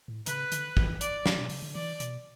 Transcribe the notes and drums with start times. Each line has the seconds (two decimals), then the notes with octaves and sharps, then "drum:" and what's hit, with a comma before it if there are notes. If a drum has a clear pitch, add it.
0.08 A2
0.26 C#3 B4, drum: hi-hat
0.52 D3, drum: hi-hat
0.77 E3, drum: kick
1.01 D5, drum: hi-hat
1.26 drum: snare
1.37 B2
1.49 C#3, drum: open hi-hat
1.62 D3
1.75 E3 D5
2.00 B2, drum: hi-hat